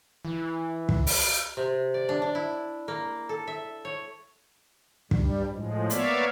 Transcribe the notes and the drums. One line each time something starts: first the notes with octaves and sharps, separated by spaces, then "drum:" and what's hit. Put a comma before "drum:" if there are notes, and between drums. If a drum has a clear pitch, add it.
E3
drum: kick
drum: open hi-hat
C3
D5
D4
D4
E4
A#3
A4
E5
C#5
G2 G3, drum: kick
A2 F3 G#3
A#3 B3 C#5 D5 E5 F5, drum: hi-hat